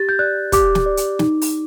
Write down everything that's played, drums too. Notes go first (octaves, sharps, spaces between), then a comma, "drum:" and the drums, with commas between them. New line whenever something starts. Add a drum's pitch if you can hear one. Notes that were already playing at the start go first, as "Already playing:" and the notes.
Already playing: G4 A6
G6
D5 F#6
G4 D6, drum: kick, hi-hat
drum: snare
D5
drum: hi-hat
D#4, drum: snare
drum: open hi-hat